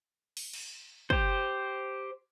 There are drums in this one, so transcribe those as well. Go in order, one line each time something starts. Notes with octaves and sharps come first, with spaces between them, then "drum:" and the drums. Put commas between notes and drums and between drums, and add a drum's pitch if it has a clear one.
drum: open hi-hat
drum: cymbal
G4 C5, drum: kick